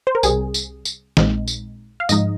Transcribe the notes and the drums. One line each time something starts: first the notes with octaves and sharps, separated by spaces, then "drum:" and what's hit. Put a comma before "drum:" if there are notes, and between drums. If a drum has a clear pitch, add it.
C5
A#4
C2 C3 G3 C4 G#4, drum: tambourine
drum: tambourine
drum: tambourine
A#1 A#2 G#3 C4 D#4, drum: snare
drum: tambourine
F5
G#2 F3 G#3 D#4 D#5, drum: tambourine